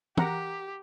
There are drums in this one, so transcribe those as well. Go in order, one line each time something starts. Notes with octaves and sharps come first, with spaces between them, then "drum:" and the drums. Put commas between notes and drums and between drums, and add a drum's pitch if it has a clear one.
G4 A#4 F#5 A#5, drum: tom E3